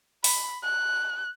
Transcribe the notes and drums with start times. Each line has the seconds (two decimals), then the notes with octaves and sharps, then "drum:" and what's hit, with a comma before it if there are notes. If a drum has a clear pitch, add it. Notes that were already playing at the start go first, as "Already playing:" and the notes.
0.24 B5, drum: open hi-hat
0.63 F#6